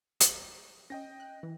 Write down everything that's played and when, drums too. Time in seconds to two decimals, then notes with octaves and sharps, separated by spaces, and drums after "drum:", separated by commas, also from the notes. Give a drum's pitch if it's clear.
0.20 drum: hi-hat
0.90 C#4 D#5 G5 A#6
1.20 F#6
1.43 E3